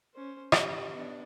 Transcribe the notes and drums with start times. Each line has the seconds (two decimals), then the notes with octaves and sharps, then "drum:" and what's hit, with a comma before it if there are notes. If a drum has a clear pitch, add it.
0.14 C#4 C5
0.52 G4 D#5, drum: rim click
0.93 B3 D4